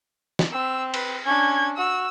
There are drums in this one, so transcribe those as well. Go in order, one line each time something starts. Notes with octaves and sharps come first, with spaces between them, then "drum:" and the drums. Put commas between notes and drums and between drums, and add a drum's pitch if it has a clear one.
drum: snare
C4 E6
B4, drum: cymbal
C#4 D4 G#6
F#4 E6